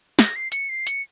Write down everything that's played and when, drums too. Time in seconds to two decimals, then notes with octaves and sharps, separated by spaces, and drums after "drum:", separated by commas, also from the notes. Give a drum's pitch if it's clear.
0.19 A#6, drum: snare
0.36 C7
0.52 C#7, drum: hi-hat
0.69 C7
0.87 C#7, drum: hi-hat